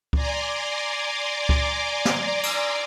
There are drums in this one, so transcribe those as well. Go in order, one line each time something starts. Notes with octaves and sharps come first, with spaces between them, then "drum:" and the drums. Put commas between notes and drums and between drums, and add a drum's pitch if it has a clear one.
D5 G#5 A#5 C6 D6, drum: kick C#2
drum: kick C#2
drum: snare
drum: cymbal